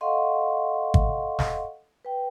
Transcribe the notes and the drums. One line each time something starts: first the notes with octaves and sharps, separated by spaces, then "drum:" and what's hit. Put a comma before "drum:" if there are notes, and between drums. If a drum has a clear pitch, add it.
A4 D#5 F5 F#5 C6 C#6
drum: kick
drum: snare
B4 G5